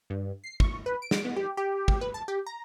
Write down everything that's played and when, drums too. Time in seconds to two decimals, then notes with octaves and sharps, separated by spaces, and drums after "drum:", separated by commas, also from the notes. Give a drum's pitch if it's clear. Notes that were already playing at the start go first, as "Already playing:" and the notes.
0.10 G2
0.44 C7
0.60 C#6, drum: kick
0.86 B4
1.02 D7
1.11 drum: snare
1.25 B3
1.36 G4
1.57 G4
1.88 drum: kick
2.01 B4
2.14 A5
2.28 G4
2.47 A#5